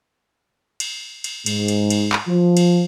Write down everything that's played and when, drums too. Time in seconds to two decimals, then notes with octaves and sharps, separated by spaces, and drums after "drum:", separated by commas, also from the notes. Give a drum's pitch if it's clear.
0.80 drum: cymbal
1.24 drum: cymbal
1.46 G#2, drum: cymbal
1.68 drum: cymbal
1.90 drum: cymbal
2.13 drum: clap
2.27 F3
2.57 drum: cymbal